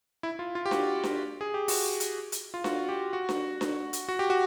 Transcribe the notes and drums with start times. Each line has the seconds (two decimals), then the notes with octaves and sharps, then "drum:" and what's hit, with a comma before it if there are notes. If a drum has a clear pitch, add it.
0.23 E4
0.39 F4
0.55 F4
0.66 G4
0.71 F#4, drum: snare D4
1.03 drum: snare D4
1.41 G#4
1.54 G4
1.68 F#4, drum: open hi-hat
2.00 drum: hi-hat
2.32 drum: hi-hat
2.54 F4
2.64 F#4, drum: snare D4
2.89 G4
3.13 F#4
3.29 drum: snare D4
3.61 drum: snare D4
3.93 drum: hi-hat
4.09 F#4
4.19 G4
4.30 F#4